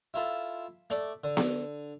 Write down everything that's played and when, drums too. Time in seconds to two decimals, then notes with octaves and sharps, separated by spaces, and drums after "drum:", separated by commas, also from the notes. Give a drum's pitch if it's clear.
0.14 E4 F4 A4
0.90 A3 D5, drum: hi-hat
1.24 D3
1.37 drum: snare B3